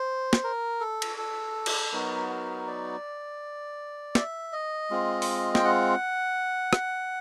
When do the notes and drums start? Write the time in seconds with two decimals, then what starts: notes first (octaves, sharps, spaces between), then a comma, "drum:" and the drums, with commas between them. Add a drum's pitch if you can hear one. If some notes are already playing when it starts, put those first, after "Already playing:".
Already playing: C5
0.33 drum: snare
0.44 A#4
0.80 A4
1.02 drum: cymbal
1.18 A4
1.66 drum: cymbal
1.92 F#3 B3 D#4 F#4 A#4
2.30 A#4
2.67 D5
4.15 E5, drum: snare
4.53 D#5
4.90 G#3 C4 F4
5.22 drum: open hi-hat
5.55 G5, drum: snare
5.65 F#5
6.73 drum: rim click